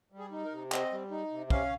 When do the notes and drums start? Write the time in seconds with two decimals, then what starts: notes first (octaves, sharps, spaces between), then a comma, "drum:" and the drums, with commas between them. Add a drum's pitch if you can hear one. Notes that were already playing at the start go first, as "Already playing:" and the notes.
0.12 G3
0.19 G#4
0.32 D#4
0.45 A#4
0.52 C3
0.72 C4 D#5, drum: clap
0.92 G3
1.11 D#4
1.31 C3
1.50 C#4 F5, drum: kick